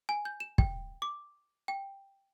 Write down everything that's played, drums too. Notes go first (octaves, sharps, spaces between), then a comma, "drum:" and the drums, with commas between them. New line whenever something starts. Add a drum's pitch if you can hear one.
G#5
G6
E7
G5, drum: kick
D6
G5